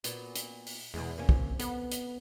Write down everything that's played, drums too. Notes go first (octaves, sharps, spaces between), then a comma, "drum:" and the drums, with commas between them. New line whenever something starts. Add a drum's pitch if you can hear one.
A#2 B3 F#4, drum: hi-hat
drum: hi-hat
drum: open hi-hat
E2 B2 E3 G#3
C3 A#3 C#4
drum: kick
B3 A4, drum: hi-hat
drum: hi-hat